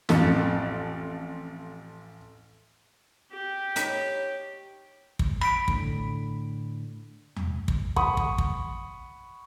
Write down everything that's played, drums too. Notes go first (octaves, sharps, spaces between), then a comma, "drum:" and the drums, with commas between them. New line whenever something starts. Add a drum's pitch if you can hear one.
A1 F2, drum: snare
G4
D#4 B4 C#5 E5, drum: hi-hat
drum: kick
B5 B6 D7, drum: rim click
A2 D3, drum: kick
drum: tom E2
drum: kick
F#5 B5 C#6 D#6, drum: kick
drum: kick
drum: kick